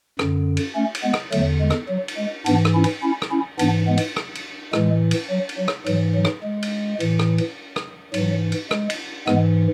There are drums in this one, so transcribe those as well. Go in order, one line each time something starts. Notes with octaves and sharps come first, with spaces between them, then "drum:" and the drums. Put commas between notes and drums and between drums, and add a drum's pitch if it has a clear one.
F#2 D3, drum: rim click
drum: cymbal
A3 C#4
drum: cymbal
G#3 B3
drum: rim click
E2 D3 F#3 A3, drum: cymbal
G#3
drum: rim click
F#3
drum: cymbal
G#3
G#2 E3 B3 D4, drum: cymbal
drum: rim click
C#4 E4
drum: cymbal
C#4 E4
drum: rim click
C#4 E4
G#2 E3 B3 D4, drum: cymbal
G#3 B3
drum: cymbal
drum: rim click
drum: cymbal
A2 E3 G#3, drum: rim click
drum: cymbal
F#3
drum: cymbal
F#3
drum: rim click
G#2 E3 F#3, drum: cymbal
F#3
drum: rim click
G#3
drum: cymbal
A2 E3, drum: cymbal
drum: rim click
drum: cymbal
drum: rim click
G#2 E3 F#3, drum: cymbal
drum: cymbal
G#3, drum: rim click
drum: cymbal
G#2 E3 G#3 B3, drum: rim click